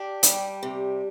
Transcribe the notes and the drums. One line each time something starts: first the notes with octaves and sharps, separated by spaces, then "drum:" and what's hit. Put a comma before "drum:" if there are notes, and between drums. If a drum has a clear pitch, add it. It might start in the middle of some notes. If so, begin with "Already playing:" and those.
Already playing: D4 G4
G3, drum: hi-hat
C3